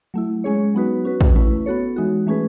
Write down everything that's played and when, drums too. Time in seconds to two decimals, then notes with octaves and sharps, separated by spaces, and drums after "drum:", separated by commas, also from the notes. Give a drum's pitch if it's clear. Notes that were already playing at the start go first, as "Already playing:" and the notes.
0.14 F#3 A3 E4
0.44 G#3 C#4 G#4 C#5
0.75 F#3 B3 D#4 F#4 B4
1.05 C#4 F#4 B4
1.21 drum: kick
1.36 A3 C#4 E4 B4
1.66 B3 F#4 A4 C#5
1.96 E3 G#3 D#4 F#4
2.27 E3 A3 C#4 G#4 B4